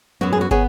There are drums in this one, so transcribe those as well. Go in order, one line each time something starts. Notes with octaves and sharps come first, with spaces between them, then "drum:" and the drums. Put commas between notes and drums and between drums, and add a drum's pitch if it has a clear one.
F#2 F#3 B3 F#4
G#4
F#4
B3 G#4 C#5, drum: kick